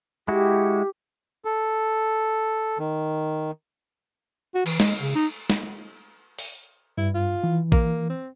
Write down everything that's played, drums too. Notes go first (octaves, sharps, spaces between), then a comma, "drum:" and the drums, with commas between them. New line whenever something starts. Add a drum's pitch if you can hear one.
G#3 E4 F#4 G4
A4
D#3
F#4
E3, drum: cymbal
G#3, drum: snare
C#3
D#4
drum: snare
drum: open hi-hat
G2 E4
F4
E3
A#3, drum: kick A#1
C4